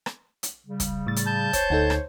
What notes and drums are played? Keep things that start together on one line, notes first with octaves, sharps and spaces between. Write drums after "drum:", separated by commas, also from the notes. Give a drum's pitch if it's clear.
drum: rim click
drum: hi-hat
C#3 G3
drum: kick, hi-hat
A2 A6
drum: hi-hat
A5 G6
C5 C#5, drum: kick, hi-hat
D2 D#4 A4
drum: rim click